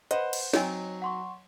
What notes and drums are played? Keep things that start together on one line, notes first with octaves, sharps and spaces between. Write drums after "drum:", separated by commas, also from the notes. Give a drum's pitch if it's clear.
B4 C5 D#5 F#5, drum: hi-hat
drum: cymbal
F#3 C4 D#4 C#5 D#5 G#5, drum: snare
F#5 C6 C#6